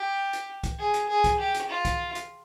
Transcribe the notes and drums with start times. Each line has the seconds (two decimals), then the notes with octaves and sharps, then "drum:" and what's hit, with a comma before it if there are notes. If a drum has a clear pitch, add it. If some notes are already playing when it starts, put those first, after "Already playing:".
Already playing: G4
0.33 drum: hi-hat
0.63 drum: kick C2, hi-hat
0.79 G#4
0.94 drum: hi-hat
1.08 G#4
1.24 drum: kick C2, hi-hat
1.39 G4
1.54 drum: hi-hat
1.69 F4
1.85 drum: kick C2, hi-hat
2.15 drum: hi-hat